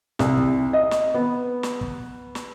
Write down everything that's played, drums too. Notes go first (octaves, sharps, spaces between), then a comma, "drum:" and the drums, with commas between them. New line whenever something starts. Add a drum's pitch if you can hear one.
C2, drum: snare
drum: kick
D#5
drum: snare
B3
drum: snare
drum: kick
drum: snare